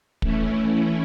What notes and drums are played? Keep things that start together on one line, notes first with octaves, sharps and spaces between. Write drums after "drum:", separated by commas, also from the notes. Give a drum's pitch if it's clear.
E3 A3 C#4 E4, drum: kick